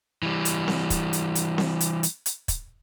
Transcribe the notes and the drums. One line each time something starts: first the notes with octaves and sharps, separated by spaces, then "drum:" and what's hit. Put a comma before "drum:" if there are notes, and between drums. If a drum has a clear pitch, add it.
E3 G3
drum: hi-hat
drum: snare C4
drum: kick, hi-hat
drum: hi-hat
drum: hi-hat
drum: snare C4
drum: hi-hat
drum: hi-hat
drum: hi-hat
drum: kick, hi-hat